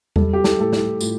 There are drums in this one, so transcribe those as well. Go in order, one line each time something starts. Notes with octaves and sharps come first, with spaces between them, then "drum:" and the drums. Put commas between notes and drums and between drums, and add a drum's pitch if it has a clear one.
G3 A4, drum: tom E2
G4
A4, drum: snare
A2 A4
G4, drum: snare
A2 F4, drum: tambourine